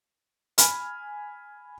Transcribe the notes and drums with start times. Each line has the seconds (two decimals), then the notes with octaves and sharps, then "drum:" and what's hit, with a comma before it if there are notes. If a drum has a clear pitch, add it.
0.58 G#5 B5 F6, drum: hi-hat